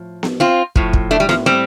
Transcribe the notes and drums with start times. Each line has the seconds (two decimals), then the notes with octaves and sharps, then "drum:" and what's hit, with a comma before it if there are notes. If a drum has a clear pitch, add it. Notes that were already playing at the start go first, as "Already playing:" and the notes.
Already playing: A2 F3
0.23 drum: snare B3
0.40 C4 F4
0.76 A2 F3, drum: kick
0.93 drum: kick
1.11 A3 D4
1.20 G3
1.29 F3, drum: snare B3
1.46 G3 C4